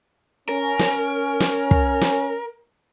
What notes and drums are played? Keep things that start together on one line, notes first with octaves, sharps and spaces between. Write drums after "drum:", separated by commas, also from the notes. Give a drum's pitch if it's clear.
C#4 A#4
drum: snare
drum: snare
drum: kick
drum: snare